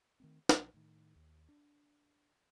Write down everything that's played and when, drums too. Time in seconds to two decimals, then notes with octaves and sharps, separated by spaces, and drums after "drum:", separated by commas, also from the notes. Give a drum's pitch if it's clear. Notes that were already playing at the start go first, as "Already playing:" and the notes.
0.20 D#3 A3 C4
0.49 A#1 F3, drum: snare
0.74 A2 D#3
1.16 D#2
1.49 D4